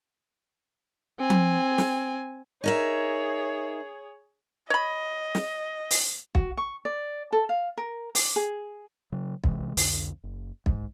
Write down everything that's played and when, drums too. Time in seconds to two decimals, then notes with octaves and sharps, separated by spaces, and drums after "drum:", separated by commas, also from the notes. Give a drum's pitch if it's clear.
1.19 C4 G#5
1.30 drum: tom F3
1.78 drum: snare
2.64 D#4 G#4 A#4 C#5 E5
4.70 C#5 D#5 B5
5.35 drum: snare
5.91 drum: open hi-hat
6.35 F#4, drum: kick
6.57 C#6
6.85 D5
7.33 A4
7.49 F5
7.78 A#4
8.15 D6, drum: open hi-hat
8.36 G#4
9.12 C#3 F#3
9.44 C3 E3 G#3, drum: kick
9.77 C2 F2 D3, drum: open hi-hat
10.24 F#1
10.66 G#2, drum: kick